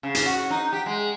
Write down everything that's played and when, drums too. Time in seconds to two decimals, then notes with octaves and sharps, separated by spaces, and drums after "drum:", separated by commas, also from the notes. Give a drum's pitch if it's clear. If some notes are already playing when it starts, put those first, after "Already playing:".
0.03 C#3
0.15 drum: hi-hat
0.26 F#4
0.50 D#4
0.73 G4
0.86 G#3